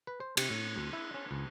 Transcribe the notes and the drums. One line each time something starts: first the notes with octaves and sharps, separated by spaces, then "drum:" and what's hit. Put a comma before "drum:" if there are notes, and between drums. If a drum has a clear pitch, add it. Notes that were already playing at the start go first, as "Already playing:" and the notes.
B4
C5
C3, drum: cymbal
A2
D2
E4
C#4
C#2